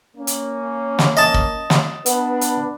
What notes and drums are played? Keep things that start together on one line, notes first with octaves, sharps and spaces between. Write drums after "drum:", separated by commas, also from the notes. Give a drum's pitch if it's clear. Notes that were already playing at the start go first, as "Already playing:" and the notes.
A#3 C#4
drum: hi-hat
drum: snare
D#5 A5
drum: kick
drum: snare
B3 D4 B4, drum: hi-hat
drum: hi-hat